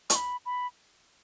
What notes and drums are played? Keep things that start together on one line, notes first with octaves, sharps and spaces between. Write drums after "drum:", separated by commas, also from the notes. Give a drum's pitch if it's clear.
C#6, drum: hi-hat
B5
B5